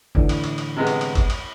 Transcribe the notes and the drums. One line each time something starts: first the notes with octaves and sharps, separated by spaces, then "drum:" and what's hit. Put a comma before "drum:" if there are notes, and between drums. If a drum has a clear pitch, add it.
A2 D3 E3, drum: kick
drum: cymbal
drum: cymbal
drum: cymbal
C3 G#3 B3
drum: cymbal
drum: cymbal
drum: kick, cymbal
drum: cymbal